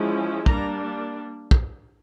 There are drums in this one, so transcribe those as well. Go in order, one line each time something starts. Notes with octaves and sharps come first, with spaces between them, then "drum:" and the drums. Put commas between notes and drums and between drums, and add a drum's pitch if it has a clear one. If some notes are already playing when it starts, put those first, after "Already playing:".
Already playing: F3 G#3 C#4 E4
G3 A#3 D4 A#5, drum: kick
drum: kick